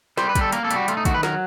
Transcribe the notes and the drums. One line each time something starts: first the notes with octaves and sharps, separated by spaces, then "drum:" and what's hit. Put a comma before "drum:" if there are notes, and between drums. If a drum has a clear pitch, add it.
G3 C5, drum: snare
B4
G3, drum: kick, hi-hat
A4
A#3 A#4, drum: hi-hat
A4
G3, drum: hi-hat
F#4
A3 F4, drum: hi-hat
D#4
D#3 F#4, drum: kick, hi-hat
B4
F#3 A#4, drum: snare